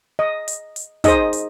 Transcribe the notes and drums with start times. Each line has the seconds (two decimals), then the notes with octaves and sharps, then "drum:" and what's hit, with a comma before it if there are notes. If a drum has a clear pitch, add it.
0.19 D#5
0.48 drum: hi-hat
0.76 drum: hi-hat
1.04 D#4 G#4 C5 D#5, drum: kick, hi-hat
1.33 drum: hi-hat